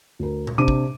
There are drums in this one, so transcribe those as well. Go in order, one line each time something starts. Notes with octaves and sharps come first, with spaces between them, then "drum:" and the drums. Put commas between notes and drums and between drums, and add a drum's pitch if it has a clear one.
D2 A#4
drum: tom A#2
C3 D4 D6 D#7
drum: kick